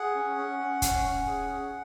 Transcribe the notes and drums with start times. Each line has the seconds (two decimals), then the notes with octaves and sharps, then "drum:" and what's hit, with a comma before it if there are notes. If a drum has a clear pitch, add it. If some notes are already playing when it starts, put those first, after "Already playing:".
Already playing: G#4 F#5
0.15 C#4
0.37 C#4
0.59 C#4
0.82 C#4, drum: kick, hi-hat
1.05 C#4
1.27 G#4
1.50 G#4